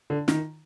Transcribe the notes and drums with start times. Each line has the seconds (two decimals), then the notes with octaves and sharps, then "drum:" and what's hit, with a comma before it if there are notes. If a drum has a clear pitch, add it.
0.10 D3
0.28 D#3, drum: snare